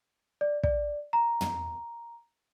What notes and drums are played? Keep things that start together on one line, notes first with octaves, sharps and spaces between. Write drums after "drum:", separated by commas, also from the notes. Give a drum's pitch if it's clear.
D5
D5, drum: kick
A#5
drum: tom